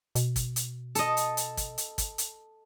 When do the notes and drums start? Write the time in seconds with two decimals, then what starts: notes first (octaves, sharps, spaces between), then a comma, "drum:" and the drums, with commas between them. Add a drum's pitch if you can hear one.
0.15 B2, drum: hi-hat
0.36 drum: kick G#1, hi-hat
0.56 drum: hi-hat
0.95 A4 D#5, drum: hi-hat
1.17 drum: hi-hat
1.37 drum: hi-hat
1.57 drum: kick G#1, hi-hat
1.78 drum: hi-hat
1.98 drum: kick G#1, hi-hat
2.18 drum: hi-hat